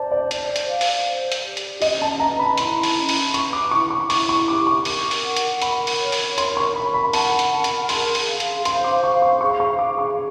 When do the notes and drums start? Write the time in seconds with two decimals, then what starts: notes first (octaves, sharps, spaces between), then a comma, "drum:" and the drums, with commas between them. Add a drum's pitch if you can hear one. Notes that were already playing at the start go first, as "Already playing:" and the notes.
Already playing: C5 D5 A5
0.11 D5
0.31 C5, drum: hi-hat
0.56 drum: hi-hat
0.68 F5
0.81 drum: open hi-hat
1.07 C5
1.32 drum: hi-hat
1.44 G4
1.57 drum: hi-hat
1.82 C#4 D#5, drum: open hi-hat
2.02 A5
2.20 B4 A#5
2.39 B5
2.58 E4 C6, drum: hi-hat
2.83 drum: open hi-hat
2.97 C#4
3.09 drum: open hi-hat
3.34 B4 C#6, drum: hi-hat
3.53 D6
3.71 E4 C#6
3.91 C#6
4.10 E4 C#6, drum: open hi-hat
4.29 C#6
4.48 G4 D6
4.67 C#6
4.85 A#4, drum: open hi-hat
5.11 drum: open hi-hat
5.24 F#5
5.36 drum: hi-hat
5.62 A#4 B5, drum: hi-hat
5.87 drum: open hi-hat
6.00 C#5
6.12 drum: open hi-hat
6.38 A#4 C6, drum: hi-hat
6.57 C#6
6.75 A#4 B5
6.94 B5
7.13 F#5 A5, drum: open hi-hat
7.39 drum: hi-hat
7.52 A#4
7.64 drum: hi-hat
7.89 G#4 C6, drum: open hi-hat
8.15 drum: open hi-hat
8.28 F5
8.40 drum: hi-hat
8.65 C5 C6, drum: hi-hat
8.84 D6
9.04 F5 C#6
9.22 C#6
9.41 G#4 C#6
9.60 C#6
9.79 G#4 D6
9.98 C#6